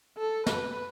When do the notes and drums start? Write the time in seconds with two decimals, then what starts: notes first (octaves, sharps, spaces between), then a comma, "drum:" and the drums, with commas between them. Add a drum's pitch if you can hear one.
0.18 A4
0.46 B4, drum: snare